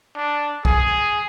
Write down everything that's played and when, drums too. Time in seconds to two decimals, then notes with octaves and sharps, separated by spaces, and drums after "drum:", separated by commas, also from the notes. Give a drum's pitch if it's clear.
0.16 D4
0.65 G#4, drum: kick B1